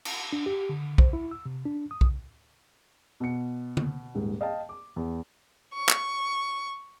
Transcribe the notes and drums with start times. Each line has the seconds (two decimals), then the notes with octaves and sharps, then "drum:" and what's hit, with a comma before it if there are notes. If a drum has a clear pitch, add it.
0.05 drum: cymbal
0.33 D4
0.46 G4
0.69 D3
0.98 C5, drum: kick B1
1.13 E4
1.31 E6
1.46 C3
1.66 D4
1.91 D#6
2.01 drum: kick B1
3.20 B2 C#7
3.77 drum: tom
4.15 D#1 G#2
4.41 D#5 F5 G5 A5
4.69 D6
4.96 E2
5.74 C#6
5.89 drum: clap